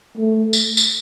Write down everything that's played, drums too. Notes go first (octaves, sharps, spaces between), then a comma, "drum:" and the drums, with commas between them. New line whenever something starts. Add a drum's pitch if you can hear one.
A3
drum: tambourine
drum: tambourine